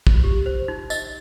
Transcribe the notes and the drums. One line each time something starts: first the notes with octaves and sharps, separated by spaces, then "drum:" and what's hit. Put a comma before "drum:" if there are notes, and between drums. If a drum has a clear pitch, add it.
drum: kick
G4
C5
D#4
D#5, drum: tambourine